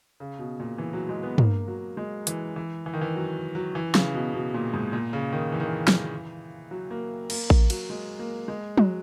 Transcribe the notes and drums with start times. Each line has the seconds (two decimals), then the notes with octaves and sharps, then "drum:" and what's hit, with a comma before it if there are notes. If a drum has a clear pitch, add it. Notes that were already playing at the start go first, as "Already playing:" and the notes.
0.20 C#3
0.39 B2
0.60 A#2
0.78 E3
0.93 F#3
1.09 G#3
1.23 B3
1.38 A#3, drum: tom
1.68 F#3
1.97 G#3
2.27 E3, drum: hi-hat
2.56 E3
2.86 E3
2.94 D#3
3.01 E3
3.15 F#3
3.55 F#3
3.75 E3
3.95 C#3, drum: snare
4.14 B2
4.34 B2
4.54 A#2
4.74 G#2
4.93 A#2
5.13 C#3
5.33 D#3
5.52 E3
5.60 D#3
5.67 E3
5.88 drum: snare
6.71 F#3
6.90 A#3
7.30 A#3, drum: cymbal
7.50 drum: kick A1
7.70 F#3, drum: cymbal
7.90 G#3
8.19 A#3
8.48 G#3
8.78 F#3, drum: tom